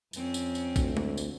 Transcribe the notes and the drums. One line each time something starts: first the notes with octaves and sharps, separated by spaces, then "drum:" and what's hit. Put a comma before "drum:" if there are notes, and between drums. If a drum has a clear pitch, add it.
F2 C4 C#4, drum: tambourine
drum: tambourine
drum: tambourine
D2, drum: kick, tambourine
drum: tom G#3
drum: tambourine